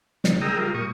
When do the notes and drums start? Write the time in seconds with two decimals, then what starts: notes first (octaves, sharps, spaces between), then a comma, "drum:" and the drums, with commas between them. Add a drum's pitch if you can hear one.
0.24 C#3, drum: snare
0.41 G#4 A#4 G5 A#5 D#6 E6
0.58 G3 F4 A#4
0.74 A#2 C#6 D#6